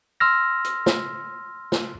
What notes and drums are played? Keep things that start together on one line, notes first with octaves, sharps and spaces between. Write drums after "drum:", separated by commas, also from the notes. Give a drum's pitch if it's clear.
C6 E6 F6 A#6
drum: hi-hat
drum: snare
drum: snare